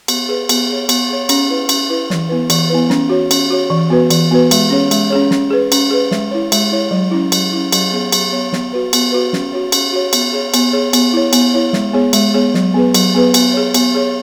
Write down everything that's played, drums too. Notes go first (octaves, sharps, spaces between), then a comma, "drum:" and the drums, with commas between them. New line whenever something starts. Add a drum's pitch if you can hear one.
B3, drum: cymbal
G#4 B4
B3, drum: cymbal
G#4 C#5
B3, drum: cymbal
G#4 C#5
C#4, drum: cymbal
E4 B4
C#4, drum: cymbal
E4 B4
E3, drum: snare
B3 E4 B4
E3, drum: cymbal
B3 E4 B4
C#4, drum: snare
F#4 C#5
C#4, drum: cymbal
F#4 C#5
E3
B3 F#4 B4
E3, drum: cymbal
B3 F#4 B4
G#3, drum: cymbal
C#4 G#4 C#5
G#3, drum: cymbal
C#4 G#4 C#5
C#4, drum: snare
G#4 B4
C#4, drum: cymbal
G#4 B4
G#3, drum: snare
E4 C#5
G#3, drum: cymbal
E4 C#5
F#3
C#4 E4
F#3, drum: cymbal
C#4 E4
F#3, drum: cymbal
B3 G#4 C#5
F#3, drum: cymbal
B3 G#4 C#5
B3, drum: snare
F#4 B4
B3, drum: cymbal
F#4 B4
C#4, drum: snare
F#4 C#5
C#4, drum: cymbal
F#4 C#5
B3, drum: cymbal
G#4 C#5
B3, drum: cymbal
G#4 C#5
B3, drum: cymbal
E4 C#5
B3, drum: cymbal
E4 C#5
G#3, drum: snare
B3 G#4 C#5
G#3, drum: cymbal
B3 G#4 C#5
F#3, drum: snare
B3 G#4 B4
F#3, drum: cymbal
B3 G#4 B4
B3, drum: cymbal
G#4 C#5
B3, drum: cymbal
G#4 C#5